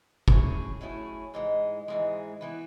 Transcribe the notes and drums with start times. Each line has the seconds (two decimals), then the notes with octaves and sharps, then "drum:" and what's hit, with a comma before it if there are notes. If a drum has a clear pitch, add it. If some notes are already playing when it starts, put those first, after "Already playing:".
0.28 A2 F#3 C#4 E4 G#4, drum: kick G1
0.81 A2 F#3 C#4 E4 G#4
1.34 G#2 E3 G#3
1.88 G#2 E3 G#3
2.41 E3 B3 E4 B4